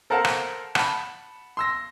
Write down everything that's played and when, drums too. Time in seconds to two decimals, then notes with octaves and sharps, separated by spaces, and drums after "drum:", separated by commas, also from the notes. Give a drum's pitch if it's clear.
0.10 A4 A#4 C5 F5 F#5 A5
0.25 drum: rim click
0.75 F#5 A5 B5, drum: rim click
1.57 C6 E6 A#6